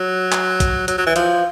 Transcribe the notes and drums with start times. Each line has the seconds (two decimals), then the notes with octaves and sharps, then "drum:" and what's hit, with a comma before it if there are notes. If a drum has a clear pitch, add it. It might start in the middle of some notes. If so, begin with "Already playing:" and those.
Already playing: F#3
0.32 drum: clap
0.60 drum: kick, hi-hat
0.88 F#3, drum: hi-hat
0.98 F#3
1.07 E3
1.16 F3, drum: hi-hat